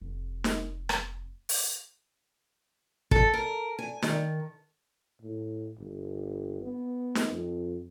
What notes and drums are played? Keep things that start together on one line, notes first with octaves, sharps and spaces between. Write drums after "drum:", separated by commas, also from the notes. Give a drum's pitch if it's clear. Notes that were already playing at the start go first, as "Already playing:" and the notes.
F1
drum: snare
drum: rim click
drum: open hi-hat
A4, drum: kick
A#4
G#5
D#3, drum: snare
A2
G1
B3
drum: snare
F2